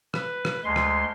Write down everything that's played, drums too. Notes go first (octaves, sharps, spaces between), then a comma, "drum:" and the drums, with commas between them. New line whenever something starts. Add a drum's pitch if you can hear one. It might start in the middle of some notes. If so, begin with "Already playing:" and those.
B4, drum: rim click
drum: rim click
D2 G#3 C6
drum: rim click